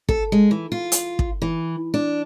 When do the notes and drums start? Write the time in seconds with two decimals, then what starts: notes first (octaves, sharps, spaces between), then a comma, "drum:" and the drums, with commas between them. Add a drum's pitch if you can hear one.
0.09 A4, drum: kick
0.32 G#3
0.51 E3
0.72 F4
0.92 drum: hi-hat
1.19 drum: kick
1.42 E3
1.94 D4